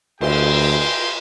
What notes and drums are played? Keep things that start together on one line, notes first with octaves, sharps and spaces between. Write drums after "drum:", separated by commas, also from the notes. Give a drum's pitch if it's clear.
D2 G#4 G5 C6, drum: cymbal